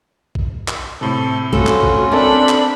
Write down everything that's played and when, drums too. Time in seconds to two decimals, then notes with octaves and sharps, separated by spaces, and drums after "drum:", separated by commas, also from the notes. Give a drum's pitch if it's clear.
0.35 drum: kick A1
0.68 drum: clap
1.01 A2 C3 A4
1.53 A3 C#4 F4 F#4 A4, drum: kick A1
1.67 drum: clap
1.83 drum: kick A1
2.12 C4 D4 A4 A#4 D5 B5
2.49 drum: clap